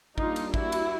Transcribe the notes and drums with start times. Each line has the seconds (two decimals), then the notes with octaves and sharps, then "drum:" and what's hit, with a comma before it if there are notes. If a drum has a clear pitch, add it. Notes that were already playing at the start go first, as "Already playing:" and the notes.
0.18 G3 A#3 D4 D#4 F4, drum: kick A1
0.36 drum: cymbal
0.54 E4 F#4, drum: kick A1
0.72 drum: cymbal